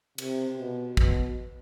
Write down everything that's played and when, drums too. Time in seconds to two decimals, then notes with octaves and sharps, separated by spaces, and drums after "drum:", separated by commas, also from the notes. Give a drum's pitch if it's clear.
0.18 C3, drum: cymbal
0.58 B2
0.97 B2, drum: kick